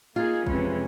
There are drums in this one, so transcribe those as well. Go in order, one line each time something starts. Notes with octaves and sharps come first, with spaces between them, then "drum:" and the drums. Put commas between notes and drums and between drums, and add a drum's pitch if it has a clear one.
A#3 D#4 F4 G#4
F2 C3 E3 G#3 C#4, drum: kick